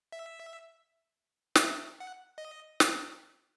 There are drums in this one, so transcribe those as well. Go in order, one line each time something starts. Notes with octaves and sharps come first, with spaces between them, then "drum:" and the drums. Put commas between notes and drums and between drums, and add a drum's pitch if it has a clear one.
E5
D#5, drum: snare
E5
F#5
D#5
drum: snare